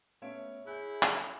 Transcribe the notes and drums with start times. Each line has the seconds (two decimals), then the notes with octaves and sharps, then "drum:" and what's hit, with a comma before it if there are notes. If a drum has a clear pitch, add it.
0.22 A3 B3 C#4 C#5 E5 D7
0.67 E4 G#4 F#6 G6
1.03 C#4 A4, drum: clap